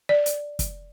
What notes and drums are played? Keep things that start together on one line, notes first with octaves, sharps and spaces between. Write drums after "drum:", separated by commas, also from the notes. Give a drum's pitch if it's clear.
D5
drum: hi-hat
drum: kick, hi-hat